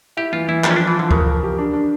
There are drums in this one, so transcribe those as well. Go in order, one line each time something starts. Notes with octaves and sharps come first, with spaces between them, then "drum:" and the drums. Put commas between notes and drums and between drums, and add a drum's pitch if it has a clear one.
E4 G4
E3 F4
E3 E4
F3 D4, drum: clap
C#4
F3 D4
E3
D3 F3
C#3 A#4, drum: kick D2
A#4
G4
D4
D4